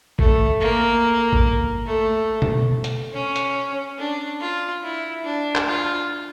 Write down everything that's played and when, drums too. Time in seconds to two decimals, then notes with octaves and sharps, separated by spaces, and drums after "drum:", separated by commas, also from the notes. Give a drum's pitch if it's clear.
0.19 A3, drum: kick G#1
0.61 A#3
1.33 drum: kick G#1
1.87 A3
2.42 drum: tom B2
2.84 drum: hi-hat
3.14 C#4
3.36 drum: hi-hat
3.99 D4
4.41 F4
4.83 E4
5.25 D4
5.55 drum: clap
5.68 F4